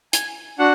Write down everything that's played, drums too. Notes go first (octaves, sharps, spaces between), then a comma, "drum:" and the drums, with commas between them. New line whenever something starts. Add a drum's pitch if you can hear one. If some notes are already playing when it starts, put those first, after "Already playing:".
G#5, drum: hi-hat
D4 F#4 F#5